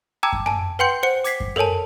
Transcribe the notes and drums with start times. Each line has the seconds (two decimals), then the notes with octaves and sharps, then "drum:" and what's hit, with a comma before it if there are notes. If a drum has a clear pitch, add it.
0.23 G5 A5 A#5 D6 E6 G#6
0.33 drum: kick F#2
0.46 G#5 A5, drum: tom F#2
0.79 B4 F#5 G5 C6 G6 C#7
1.03 C5 F#5 C#7
1.24 D6 G#6 B6 C7, drum: hi-hat
1.40 drum: kick F#2
1.56 A4 A#4 C#5 G#5 A5, drum: tom F#2